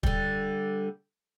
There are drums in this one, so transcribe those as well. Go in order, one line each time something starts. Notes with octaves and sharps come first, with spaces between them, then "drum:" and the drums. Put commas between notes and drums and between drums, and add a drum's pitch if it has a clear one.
D3 G3, drum: kick